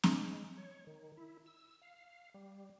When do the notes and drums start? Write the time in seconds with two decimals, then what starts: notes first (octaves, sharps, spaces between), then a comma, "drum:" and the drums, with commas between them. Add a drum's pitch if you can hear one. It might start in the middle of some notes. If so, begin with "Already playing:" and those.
0.03 G#3, drum: snare C4
0.58 C#5
0.87 D#3
1.17 E4
1.46 E6
1.81 F5
2.34 G3